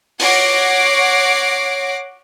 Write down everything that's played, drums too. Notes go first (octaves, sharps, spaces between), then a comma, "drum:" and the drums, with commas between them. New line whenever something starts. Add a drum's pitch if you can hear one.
C#5 F#5 D6 A#6 C7, drum: open hi-hat